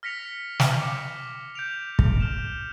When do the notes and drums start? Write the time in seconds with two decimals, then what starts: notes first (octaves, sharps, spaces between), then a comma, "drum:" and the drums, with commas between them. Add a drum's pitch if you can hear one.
0.03 F6 A#6 B6 C#7 F7
0.60 drum: snare
0.81 D6
1.55 G6 D7 F7
1.99 drum: kick
2.20 F6 E7